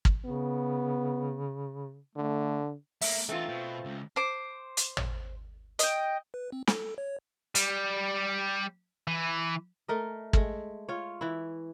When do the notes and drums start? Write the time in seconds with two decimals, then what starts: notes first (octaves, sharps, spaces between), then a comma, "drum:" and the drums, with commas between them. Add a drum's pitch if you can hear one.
0.05 drum: kick
0.25 C#3 B3
2.16 D3 A3
3.01 A3 A#3 E5, drum: open hi-hat
3.29 E3 A3 C4 D#4 F4 A4
3.49 B2 C5
3.85 C#2
4.16 C5 D6
4.77 drum: hi-hat
4.97 drum: tom
5.79 D#5 G5, drum: hi-hat
6.34 B4
6.52 C4
6.67 A4, drum: snare
6.98 C#5
7.55 G3, drum: hi-hat
9.08 E3
9.88 A3 A#4 D#5
10.33 G#3 A3, drum: kick
10.89 F4 C#5
11.21 E3 E4